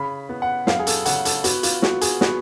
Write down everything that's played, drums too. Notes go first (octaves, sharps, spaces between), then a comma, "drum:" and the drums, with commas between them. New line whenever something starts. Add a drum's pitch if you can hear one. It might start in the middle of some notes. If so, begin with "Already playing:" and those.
Already playing: C#3 B5
B3
F#5
F#2 F5, drum: snare
G#4
A4, drum: hi-hat
C#3 F#5, drum: hi-hat
A4, drum: hi-hat
B3 F#4, drum: hi-hat
F4, drum: hi-hat
B3 F#4, drum: snare
G#4, drum: hi-hat
B3 F#4, drum: snare